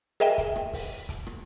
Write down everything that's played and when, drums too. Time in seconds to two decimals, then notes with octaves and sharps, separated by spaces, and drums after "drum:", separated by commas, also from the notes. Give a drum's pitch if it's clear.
0.20 G#4 A#4 D#5 E5 G5
0.38 drum: kick C#1, hi-hat
0.56 drum: rim click
0.73 drum: kick C#1, open hi-hat
1.09 drum: kick C#1, hi-hat
1.27 drum: rim click